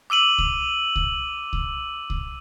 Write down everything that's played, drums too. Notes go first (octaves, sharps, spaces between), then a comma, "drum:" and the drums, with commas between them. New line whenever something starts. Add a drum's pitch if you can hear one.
D6 E6 D#7 F#7
drum: kick C2
drum: kick C2
drum: kick C2
drum: kick C2